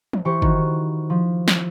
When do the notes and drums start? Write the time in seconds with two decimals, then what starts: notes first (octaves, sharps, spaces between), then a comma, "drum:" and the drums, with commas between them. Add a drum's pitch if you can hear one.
0.13 drum: tom E3
0.25 E3 G4 C5 C#6 C#7
0.42 D#3 F#4, drum: kick
1.10 F3
1.48 drum: snare